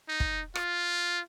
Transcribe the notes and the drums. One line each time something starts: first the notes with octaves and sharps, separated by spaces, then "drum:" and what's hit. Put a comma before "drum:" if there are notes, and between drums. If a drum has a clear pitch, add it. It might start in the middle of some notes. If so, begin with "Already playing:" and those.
D#4
drum: kick
F4, drum: rim click